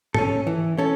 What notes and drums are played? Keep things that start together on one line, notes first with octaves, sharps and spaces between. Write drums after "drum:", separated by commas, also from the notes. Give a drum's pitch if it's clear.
C#4 A4, drum: tom G#2
E3
C#4 A4